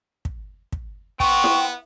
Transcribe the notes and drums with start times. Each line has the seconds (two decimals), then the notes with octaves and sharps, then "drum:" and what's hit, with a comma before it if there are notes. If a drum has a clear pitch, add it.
0.25 drum: kick
0.72 drum: kick
1.20 B3 G5 C6 C#6, drum: kick
1.44 drum: snare E4